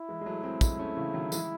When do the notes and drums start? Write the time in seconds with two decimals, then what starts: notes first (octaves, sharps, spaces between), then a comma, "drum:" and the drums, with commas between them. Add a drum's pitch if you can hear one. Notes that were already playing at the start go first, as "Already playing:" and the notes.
Already playing: E4
0.09 E3 G#3
0.21 G#3
0.26 F#3 A3
0.43 G#3 C4
0.61 G#3 C4, drum: kick, tambourine
0.79 A3 C#4
0.96 C#3 E3
1.14 D#3 F#3
1.32 E3 G#3, drum: tambourine